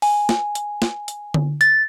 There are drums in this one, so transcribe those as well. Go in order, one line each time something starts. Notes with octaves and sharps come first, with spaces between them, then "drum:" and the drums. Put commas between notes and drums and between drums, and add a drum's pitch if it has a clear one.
G#5, drum: open hi-hat
drum: snare
drum: hi-hat
drum: snare
drum: hi-hat
drum: tom D3
A6, drum: hi-hat